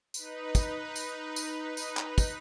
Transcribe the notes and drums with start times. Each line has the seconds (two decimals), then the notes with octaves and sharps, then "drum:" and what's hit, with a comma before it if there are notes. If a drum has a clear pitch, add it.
0.14 D#4 B4, drum: tambourine
0.55 drum: kick, tambourine
0.96 drum: tambourine
1.36 drum: tambourine
1.77 drum: tambourine
1.97 drum: clap
2.18 drum: kick, tambourine